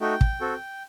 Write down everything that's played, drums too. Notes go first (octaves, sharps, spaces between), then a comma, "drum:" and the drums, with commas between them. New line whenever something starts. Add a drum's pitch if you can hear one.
A3 D#4 F#4 G5
drum: kick
C4 F#4 A4